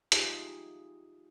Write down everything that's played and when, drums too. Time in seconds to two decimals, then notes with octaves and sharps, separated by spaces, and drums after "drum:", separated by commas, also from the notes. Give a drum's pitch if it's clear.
0.12 D#4 F4 G4 G#4 E5, drum: hi-hat